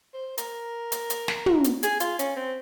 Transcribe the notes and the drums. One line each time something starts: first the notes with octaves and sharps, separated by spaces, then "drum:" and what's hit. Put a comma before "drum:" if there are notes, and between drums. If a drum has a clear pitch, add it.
C5
A#4, drum: hi-hat
drum: hi-hat
drum: hi-hat
drum: snare
drum: tom
drum: hi-hat
G#4, drum: hi-hat
F4, drum: hi-hat
C#4, drum: hi-hat
C4